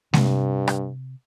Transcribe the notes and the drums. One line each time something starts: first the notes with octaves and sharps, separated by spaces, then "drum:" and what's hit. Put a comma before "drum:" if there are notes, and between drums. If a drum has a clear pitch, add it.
G2 C3, drum: snare G#3
drum: rim click